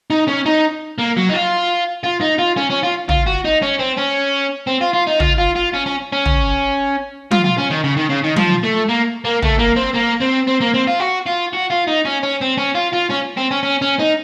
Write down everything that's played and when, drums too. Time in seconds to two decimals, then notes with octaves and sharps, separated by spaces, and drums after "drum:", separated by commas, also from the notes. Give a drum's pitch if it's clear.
0.10 D#4
0.28 C#4
0.46 D#4
0.98 A#3
1.17 F#3
1.29 D#4
1.33 F4
2.04 F4
2.21 D#4
2.38 F4
2.57 C#4
2.70 C#4
2.83 F4
3.09 F4, drum: tom
3.26 F#4
3.45 D#4
3.62 C#4
3.79 C4
3.98 C#4
4.67 C4
4.81 F4
4.94 F4
5.07 D#4
5.20 F4, drum: tom
5.38 F4
5.55 F4
5.73 C#4
5.86 C#4
6.12 C#4
6.26 drum: tom
7.31 F4, drum: tom F#3
7.44 F4
7.58 C#4
7.70 D#3
7.84 C#3
7.97 D#3
8.10 C#3
8.24 D#3
8.36 F3, drum: tom F#3
8.63 A3
8.89 A#3
9.25 A#3
9.42 A3, drum: tom
9.59 A#3
9.77 C4
9.95 A#3
10.22 C4
10.47 C4
10.61 A#3
10.74 C4
10.87 F4
11.00 F#4
11.26 F4
11.53 F#4
11.70 F4
11.87 D#4
12.05 C#4
12.23 C#4
12.41 C4
12.58 C#4
12.75 F4
12.93 F4
13.10 C#4
13.37 C4
13.51 C#4
13.63 C#4
13.82 C#4
13.99 D#4